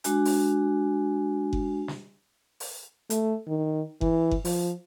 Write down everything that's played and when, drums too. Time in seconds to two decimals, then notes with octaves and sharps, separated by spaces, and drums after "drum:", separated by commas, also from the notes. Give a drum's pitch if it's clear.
0.04 G#3 D4 F#4 G#5, drum: hi-hat
0.25 drum: open hi-hat
1.53 drum: kick F#1
1.88 drum: snare
2.60 drum: open hi-hat
3.10 A3, drum: hi-hat
3.48 D#3
4.01 E3, drum: kick F#1
4.31 drum: kick F#1
4.45 F3, drum: open hi-hat